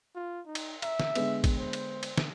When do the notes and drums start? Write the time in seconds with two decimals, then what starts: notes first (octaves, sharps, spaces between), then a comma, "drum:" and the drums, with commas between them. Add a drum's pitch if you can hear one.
0.15 F4
0.46 D#4
0.55 drum: cymbal
0.82 E5 A#5, drum: cymbal
1.00 drum: snare
1.15 D3 G#3 B3, drum: cymbal
1.44 drum: kick A1, cymbal
1.59 C5
1.73 drum: cymbal
2.03 drum: cymbal
2.17 drum: snare